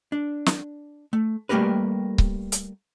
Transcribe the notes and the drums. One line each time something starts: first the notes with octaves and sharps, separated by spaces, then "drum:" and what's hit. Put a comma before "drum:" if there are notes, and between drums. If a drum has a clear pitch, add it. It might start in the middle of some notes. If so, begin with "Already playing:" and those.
D4
drum: snare
A3
G3 A3 A#3 G4 A#4 B4
drum: kick C#1
drum: hi-hat